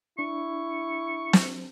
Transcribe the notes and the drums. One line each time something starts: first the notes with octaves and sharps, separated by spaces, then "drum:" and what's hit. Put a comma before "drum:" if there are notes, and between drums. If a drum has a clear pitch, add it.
D4 E4 C#6
drum: snare